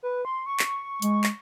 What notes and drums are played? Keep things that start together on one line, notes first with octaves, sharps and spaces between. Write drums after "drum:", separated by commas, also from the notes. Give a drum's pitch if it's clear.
B4
C6
C#6
drum: clap
G#3, drum: hi-hat
drum: clap